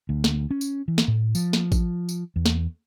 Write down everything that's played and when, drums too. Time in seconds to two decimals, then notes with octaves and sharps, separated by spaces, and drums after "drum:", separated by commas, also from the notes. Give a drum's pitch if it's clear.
0.09 D2
0.24 drum: snare
0.51 C#4
0.61 drum: tambourine
0.88 E3
0.98 drum: snare
1.08 A2
1.35 F3, drum: tambourine
1.53 drum: snare
1.72 drum: kick A1, tambourine
2.09 drum: tambourine
2.36 E2
2.46 drum: snare